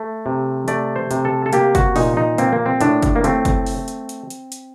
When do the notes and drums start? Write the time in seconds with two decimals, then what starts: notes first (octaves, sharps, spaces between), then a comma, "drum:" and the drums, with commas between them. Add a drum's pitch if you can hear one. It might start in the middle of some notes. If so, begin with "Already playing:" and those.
Already playing: A3
0.26 C3
0.68 A3 D5, drum: hi-hat
0.96 C5
1.11 C3, drum: hi-hat
1.25 A4
1.46 A4
1.53 A#3 G4, drum: hi-hat
1.75 F#4, drum: kick, hi-hat
1.96 A#2 D#4, drum: open hi-hat
2.17 D#4
2.38 A#3 C4, drum: hi-hat
2.53 A#3
2.66 C4
2.81 A2 D4, drum: hi-hat
3.02 drum: kick, hi-hat
3.16 A#3
3.24 A3 C4, drum: hi-hat
3.45 drum: kick, hi-hat
3.66 drum: open hi-hat
3.88 drum: hi-hat
4.09 drum: hi-hat
4.30 drum: hi-hat
4.52 drum: hi-hat